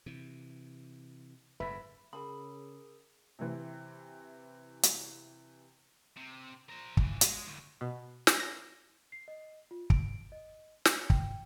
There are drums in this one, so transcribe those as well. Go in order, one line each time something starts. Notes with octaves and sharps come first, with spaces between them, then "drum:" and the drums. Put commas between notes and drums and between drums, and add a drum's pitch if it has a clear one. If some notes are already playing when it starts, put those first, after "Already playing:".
C3 E3
F#1 G#2 B4 E5 B5
C#3 G#4 A#4 B5 D#6
C3 E3
drum: hi-hat
C3
A#4 C5
A#2 E3, drum: kick
G#3, drum: hi-hat
D2 A2
B2
drum: snare
A#6
C7
D#5
F4
D7, drum: kick
D#5
C#7, drum: snare
G5, drum: kick